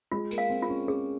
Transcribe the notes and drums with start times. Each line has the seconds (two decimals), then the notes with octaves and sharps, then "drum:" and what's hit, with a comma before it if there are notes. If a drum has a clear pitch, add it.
0.12 G#3 F4
0.31 A#3, drum: tambourine
0.38 F5
0.50 C4
0.63 F4
0.69 C#4
0.88 C#4 G#4